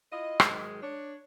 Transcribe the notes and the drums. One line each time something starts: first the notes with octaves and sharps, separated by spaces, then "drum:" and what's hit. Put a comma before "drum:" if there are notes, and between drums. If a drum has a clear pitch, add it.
E4 F4 D#5
G#2 D#3 F#3 G#3, drum: rim click
D4 C#5